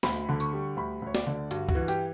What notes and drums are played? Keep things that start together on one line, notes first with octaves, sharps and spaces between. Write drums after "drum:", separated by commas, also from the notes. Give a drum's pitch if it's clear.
D2 B5, drum: snare
D3
C#6, drum: hi-hat
G3
D2 B5
D2 C#5
D5, drum: snare
D3
G2 F#4, drum: hi-hat
F#4, drum: kick
E3
G4, drum: hi-hat